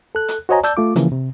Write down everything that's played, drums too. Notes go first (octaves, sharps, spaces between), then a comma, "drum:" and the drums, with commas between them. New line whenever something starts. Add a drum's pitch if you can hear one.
A4 F#6
drum: hi-hat
F#4 C5 C#5 D#5 G#5 A#5
D5 A5 E6 G6, drum: hi-hat
A3 F4 D6
C#3 E3 F3 A#3, drum: hi-hat
C3